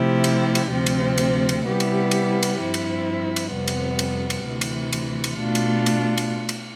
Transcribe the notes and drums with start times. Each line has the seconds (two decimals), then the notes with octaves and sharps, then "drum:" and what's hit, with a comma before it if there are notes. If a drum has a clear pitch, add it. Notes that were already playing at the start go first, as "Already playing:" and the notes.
Already playing: C3 F3 A3 E4 G4
0.24 drum: cymbal
0.55 drum: cymbal
0.70 D2 C3 F3 C4
0.86 drum: cymbal
1.18 drum: cymbal
1.49 drum: cymbal
1.65 C3 G3 B3 E4 G4
1.80 drum: cymbal
2.11 drum: cymbal
2.43 drum: cymbal
2.59 G2 F3 C4 E4
2.74 drum: cymbal
3.36 drum: cymbal
3.52 F2 C3 G3 B3
3.68 drum: cymbal
3.99 drum: cymbal
4.30 drum: cymbal
4.46 D2 C3 E3
4.61 drum: cymbal
4.93 drum: cymbal
5.24 drum: cymbal
5.40 B2 A3 D4 F4
5.55 drum: cymbal
5.86 drum: cymbal
6.18 drum: cymbal
6.49 drum: cymbal